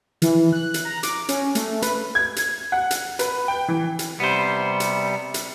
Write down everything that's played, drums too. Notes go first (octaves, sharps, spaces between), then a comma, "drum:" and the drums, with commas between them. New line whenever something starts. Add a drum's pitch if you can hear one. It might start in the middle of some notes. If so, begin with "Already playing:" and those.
E3, drum: hi-hat
F#6
drum: hi-hat
A#5
D6, drum: hi-hat
C#4, drum: hi-hat
A3, drum: hi-hat
B4, drum: hi-hat
G#6
drum: hi-hat
F#5
drum: hi-hat
B4, drum: hi-hat
G5
E3
drum: hi-hat
C3 G3 B3 C5
drum: hi-hat
drum: hi-hat